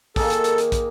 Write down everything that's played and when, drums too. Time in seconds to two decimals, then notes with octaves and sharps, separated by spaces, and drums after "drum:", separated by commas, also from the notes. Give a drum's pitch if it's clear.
0.16 D#3 A#3 G#4 A4, drum: kick, open hi-hat
0.30 drum: hi-hat
0.44 drum: hi-hat
0.58 drum: hi-hat
0.72 drum: kick, hi-hat